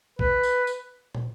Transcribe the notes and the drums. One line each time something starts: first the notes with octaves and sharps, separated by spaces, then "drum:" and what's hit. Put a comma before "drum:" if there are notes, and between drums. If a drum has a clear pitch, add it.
B4, drum: kick B1
drum: tambourine
drum: tambourine
drum: tom